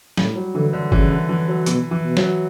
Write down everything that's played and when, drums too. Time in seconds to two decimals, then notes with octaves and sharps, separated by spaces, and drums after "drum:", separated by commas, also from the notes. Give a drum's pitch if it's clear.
0.17 A2 G3, drum: snare
0.36 F#3
0.55 D3 E3
0.73 D3
0.92 C#3 E3, drum: kick
1.10 D3
1.29 E3
1.48 F#3
1.66 B2 E3, drum: hi-hat
1.91 E3
2.04 B2
2.17 F#3, drum: snare